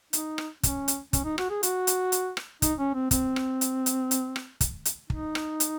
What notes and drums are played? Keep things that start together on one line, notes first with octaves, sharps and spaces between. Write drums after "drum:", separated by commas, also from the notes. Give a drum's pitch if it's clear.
D#4, drum: hi-hat
drum: rim click
C#4, drum: kick, hi-hat
drum: hi-hat
C#4, drum: kick, hi-hat
D#4
F#4, drum: rim click
G#4
F#4, drum: hi-hat
drum: hi-hat
drum: hi-hat
drum: rim click
D#4, drum: kick, hi-hat
C#4
C4
C4, drum: kick, hi-hat
drum: rim click
drum: hi-hat
drum: hi-hat
drum: hi-hat
drum: rim click
drum: kick, hi-hat
drum: hi-hat
D#4, drum: kick
drum: rim click
drum: hi-hat